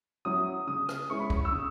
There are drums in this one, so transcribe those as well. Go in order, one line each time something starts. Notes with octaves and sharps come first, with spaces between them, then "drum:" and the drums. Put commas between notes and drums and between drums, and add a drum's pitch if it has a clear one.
F#3 C#4 E4 D#6
C#3 D#6
drum: rim click
G#3 C#4 E4 C#6
B5
C#6, drum: kick
E6
C#3 D#6